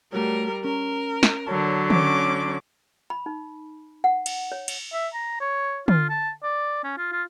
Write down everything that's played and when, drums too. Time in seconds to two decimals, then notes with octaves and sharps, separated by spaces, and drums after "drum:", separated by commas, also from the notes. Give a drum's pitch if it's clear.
0.13 G3 A3 F#4 A#4 C#5
0.64 C#4 A#4
1.23 drum: snare
1.47 D3 F#3 C#5 A5
1.90 C#4 D6, drum: tom
3.10 B5
3.26 D#4
4.04 F#5
4.26 drum: cymbal
4.52 C#5
4.68 drum: cymbal
4.93 E5
5.14 A#5
5.41 C#5
5.88 F4, drum: tom
6.10 A5
6.43 D5
6.84 C#4
6.98 F4
7.13 F4